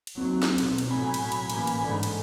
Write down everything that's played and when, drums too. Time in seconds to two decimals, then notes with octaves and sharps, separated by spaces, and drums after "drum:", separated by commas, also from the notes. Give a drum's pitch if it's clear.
0.07 drum: cymbal
0.18 D#2 F#3 C4
0.43 drum: snare
0.58 B1 B2, drum: cymbal
0.78 drum: cymbal
0.91 A2 F#3 G#5 B5
1.14 drum: cymbal
1.32 drum: cymbal
1.50 A1 A#3, drum: cymbal
1.67 drum: cymbal
1.82 G#2 D3
2.03 drum: cymbal